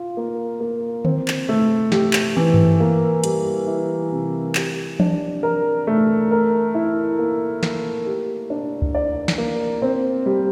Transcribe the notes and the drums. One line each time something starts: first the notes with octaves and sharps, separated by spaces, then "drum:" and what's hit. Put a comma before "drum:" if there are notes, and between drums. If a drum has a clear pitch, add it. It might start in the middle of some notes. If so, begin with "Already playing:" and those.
Already playing: F4
A#3
A#3
C4, drum: tom D3
drum: clap
A3
G4, drum: snare
drum: clap
E3
drum: tom G2
A#3
G3, drum: hi-hat
E4
C3
G4, drum: clap
D4, drum: tom E3
A#4
A3
A#4
E4
A#3
A#3, drum: snare
G4
D4
drum: kick
D5
drum: snare
A#3
C4
G3